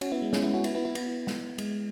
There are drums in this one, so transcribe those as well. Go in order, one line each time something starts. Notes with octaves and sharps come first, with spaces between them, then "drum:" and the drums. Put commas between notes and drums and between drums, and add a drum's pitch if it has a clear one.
C#4 F#4, drum: cymbal
B3 E4
G#3
G#3 C#4, drum: snare
B3 E4
C#4 F#4
B3 E4, drum: cymbal
B3 E4
B3 E4
B3 E4, drum: cymbal
drum: snare
G#3, drum: cymbal